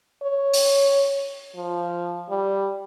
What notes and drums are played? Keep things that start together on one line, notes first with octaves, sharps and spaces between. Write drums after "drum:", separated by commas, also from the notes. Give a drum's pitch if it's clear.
C#5
drum: open hi-hat
F3
G3